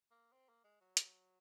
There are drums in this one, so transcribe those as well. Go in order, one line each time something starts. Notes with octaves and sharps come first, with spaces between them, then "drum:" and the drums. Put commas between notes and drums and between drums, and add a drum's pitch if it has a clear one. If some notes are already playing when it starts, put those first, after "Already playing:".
A#3
C4
A#3
G#3
F#3
drum: hi-hat